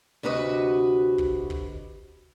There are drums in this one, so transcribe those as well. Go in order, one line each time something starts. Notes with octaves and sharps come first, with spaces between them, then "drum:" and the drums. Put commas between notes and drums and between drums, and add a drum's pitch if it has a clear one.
D2 C3 F#4 B4 D#5
drum: kick
drum: kick